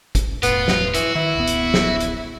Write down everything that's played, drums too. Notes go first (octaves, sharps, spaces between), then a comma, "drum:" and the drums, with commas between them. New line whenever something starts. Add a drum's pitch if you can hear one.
drum: kick, hi-hat
E1 A2 B3 F4, drum: hi-hat
drum: snare
E3 F#4, drum: hi-hat
D#3 E4
D1 A1 B3
drum: hi-hat
drum: snare
drum: hi-hat